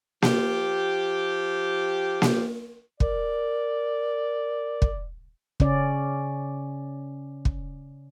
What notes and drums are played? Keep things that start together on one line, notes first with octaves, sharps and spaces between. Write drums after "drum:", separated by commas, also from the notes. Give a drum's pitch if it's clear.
F3 G4, drum: snare A#3
drum: snare A#3
A#4 D5, drum: kick
drum: kick
C#3 C#4 D5, drum: kick
drum: kick